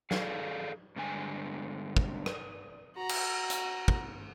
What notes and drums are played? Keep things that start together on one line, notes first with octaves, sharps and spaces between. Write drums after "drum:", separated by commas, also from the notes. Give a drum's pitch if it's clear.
G#4 A4 D5 F5, drum: snare
G2 D3 G#3 G#5
drum: kick
drum: rim click
F#4 A#5
drum: cymbal
drum: hi-hat
drum: kick